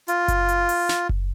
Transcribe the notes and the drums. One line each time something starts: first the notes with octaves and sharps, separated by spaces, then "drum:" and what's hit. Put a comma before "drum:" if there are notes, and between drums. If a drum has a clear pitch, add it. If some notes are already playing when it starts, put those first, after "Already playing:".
F4, drum: hi-hat
drum: kick F#1, hi-hat
drum: hi-hat
drum: open hi-hat
drum: snare
drum: kick F#1